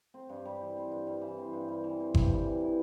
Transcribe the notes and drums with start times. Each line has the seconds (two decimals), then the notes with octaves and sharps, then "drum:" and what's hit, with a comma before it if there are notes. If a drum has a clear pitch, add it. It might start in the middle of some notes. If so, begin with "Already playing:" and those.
0.14 C4
0.29 G2
0.45 G3
0.60 E3
0.76 C4
0.92 G2
1.07 G3
1.22 E3
1.38 C4
1.53 G2
1.68 G3
1.84 E3
2.00 C4
2.14 G2, drum: kick G1
2.30 G3
2.46 E3
2.61 E4